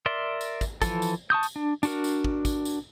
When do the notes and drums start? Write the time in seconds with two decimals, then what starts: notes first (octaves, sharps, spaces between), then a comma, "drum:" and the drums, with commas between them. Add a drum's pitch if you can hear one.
0.06 A#4 D5 E5 C6
0.41 drum: tambourine
0.61 drum: kick, tambourine
0.82 E3 F3 A4, drum: kick, tambourine
1.02 drum: tambourine
1.30 A5 C#6 D#6 G6
1.43 drum: tambourine
1.56 D4
1.83 D4 F#4 A#4, drum: tambourine
2.04 drum: tambourine
2.24 drum: kick
2.45 drum: kick, tambourine
2.65 drum: tambourine